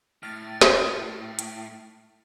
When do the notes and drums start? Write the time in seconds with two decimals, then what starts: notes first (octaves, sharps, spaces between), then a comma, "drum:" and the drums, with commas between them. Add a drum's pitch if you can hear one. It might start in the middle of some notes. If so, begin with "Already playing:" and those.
0.23 A2 F6 A6
0.61 drum: snare
1.39 drum: hi-hat